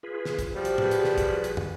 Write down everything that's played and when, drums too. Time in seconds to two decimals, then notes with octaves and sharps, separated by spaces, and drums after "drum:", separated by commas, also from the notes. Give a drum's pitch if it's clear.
0.03 F4 G#4 B4
0.25 drum: snare
0.39 drum: kick, hi-hat
0.54 F3 G3 F#4
0.65 drum: hi-hat
0.78 F#4 G#4 B4, drum: tom
0.91 drum: hi-hat
1.04 drum: snare
1.18 drum: kick, hi-hat
1.44 drum: hi-hat
1.57 drum: tom